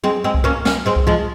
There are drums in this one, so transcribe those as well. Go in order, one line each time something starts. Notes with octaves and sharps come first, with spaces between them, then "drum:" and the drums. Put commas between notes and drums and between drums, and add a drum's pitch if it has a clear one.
G#3 C4
G#3 C4
drum: kick C2
A#3 C#4
A#3 C#4, drum: snare
G#3 C4
drum: kick C2
F3 G#3